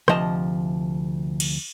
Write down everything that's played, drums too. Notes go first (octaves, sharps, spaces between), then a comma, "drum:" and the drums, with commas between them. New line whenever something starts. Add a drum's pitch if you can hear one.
D2 C3 F3 D#5 A5 C6, drum: rim click
drum: cymbal